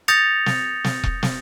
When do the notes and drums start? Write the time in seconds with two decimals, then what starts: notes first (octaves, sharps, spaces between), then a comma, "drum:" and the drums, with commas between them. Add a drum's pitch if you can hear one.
0.08 D#6 G6 A6 A#6 C#7 F7, drum: hi-hat
0.46 drum: snare
0.84 drum: snare
1.03 drum: kick E1
1.23 drum: snare